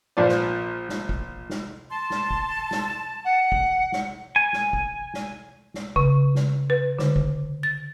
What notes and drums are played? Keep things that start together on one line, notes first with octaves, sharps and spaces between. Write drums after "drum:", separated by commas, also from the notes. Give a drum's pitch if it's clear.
A#1 F3 D5
drum: snare
drum: snare
drum: kick
drum: snare
A5 C6
drum: snare
drum: kick
drum: snare
F#5
drum: kick
drum: snare
G#5
drum: snare
drum: kick
drum: snare
drum: snare
C#3, drum: kick
drum: snare
B4
D3, drum: snare
drum: kick
A6